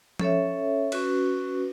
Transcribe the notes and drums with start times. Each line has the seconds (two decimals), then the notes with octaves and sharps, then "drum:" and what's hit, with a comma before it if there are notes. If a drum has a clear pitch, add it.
0.19 C#4 A4 C#5 E5, drum: tom F3
0.92 C#4 F#4 B4, drum: cymbal